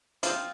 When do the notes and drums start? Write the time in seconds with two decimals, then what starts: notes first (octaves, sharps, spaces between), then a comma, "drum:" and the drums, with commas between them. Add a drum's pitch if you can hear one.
0.23 F3 C4 F4, drum: hi-hat